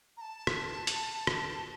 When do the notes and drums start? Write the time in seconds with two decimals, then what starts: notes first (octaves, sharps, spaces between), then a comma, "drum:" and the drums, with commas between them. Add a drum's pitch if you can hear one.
0.17 A#5
0.21 A5
0.47 drum: rim click
0.87 drum: hi-hat
1.27 drum: rim click